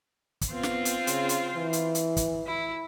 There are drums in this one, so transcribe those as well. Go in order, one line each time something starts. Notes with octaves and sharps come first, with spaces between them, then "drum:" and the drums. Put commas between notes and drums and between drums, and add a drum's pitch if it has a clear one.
drum: kick, hi-hat
B3 C4 F4
drum: snare
drum: hi-hat
C#3, drum: hi-hat
drum: hi-hat
E3
drum: hi-hat
drum: hi-hat
drum: kick, hi-hat
E4